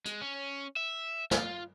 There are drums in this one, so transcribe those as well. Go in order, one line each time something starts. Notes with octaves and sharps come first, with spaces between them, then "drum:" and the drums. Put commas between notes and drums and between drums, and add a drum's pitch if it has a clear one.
G#3, drum: hi-hat
C#4
E5
F4, drum: snare